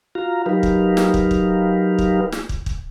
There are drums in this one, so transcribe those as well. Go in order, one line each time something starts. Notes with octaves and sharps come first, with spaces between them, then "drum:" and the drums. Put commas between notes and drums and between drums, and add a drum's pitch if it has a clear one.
F4 F#4 F5 A#5
F#3 D#4 G4 A#4 B4 F5
drum: kick
drum: snare
drum: kick
drum: kick
drum: kick
drum: snare
drum: kick
drum: kick